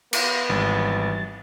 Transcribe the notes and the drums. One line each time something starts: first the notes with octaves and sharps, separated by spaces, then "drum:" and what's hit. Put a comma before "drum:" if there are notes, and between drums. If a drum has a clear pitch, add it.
B3 F5 C6 A#6, drum: cymbal
G#1 E3 G3 A6